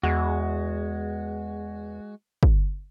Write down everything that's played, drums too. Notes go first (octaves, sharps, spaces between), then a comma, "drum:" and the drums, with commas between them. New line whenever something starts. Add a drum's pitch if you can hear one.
E2 G#3 F#4
drum: kick